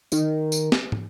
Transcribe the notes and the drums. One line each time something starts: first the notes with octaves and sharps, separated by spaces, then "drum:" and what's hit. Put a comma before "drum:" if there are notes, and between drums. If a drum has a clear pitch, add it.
D#3, drum: tambourine
drum: tambourine
drum: snare
drum: tom